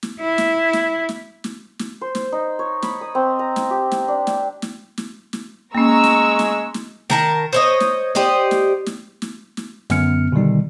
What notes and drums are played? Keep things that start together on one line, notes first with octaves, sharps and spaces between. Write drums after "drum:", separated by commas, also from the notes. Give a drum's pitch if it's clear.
drum: snare
E4
drum: snare
drum: snare
drum: snare
drum: snare
drum: snare
C5
drum: snare
D#4
C#5
B5, drum: snare
D#6
C4
A#5
drum: snare
G4
drum: snare
D4
drum: snare
drum: snare
drum: snare
drum: snare
G#3 A#3 C#4 A#5 C#6 E6
drum: snare
drum: snare
drum: snare
D#3 A#4 A5, drum: snare
C5 C#5 D#5
drum: snare
G4 C5 D5 D#5, drum: snare
drum: snare
drum: snare
drum: snare
drum: snare
F#2 D3 B3 F6 C#7, drum: snare
B2 D3 D#3 G3 D#4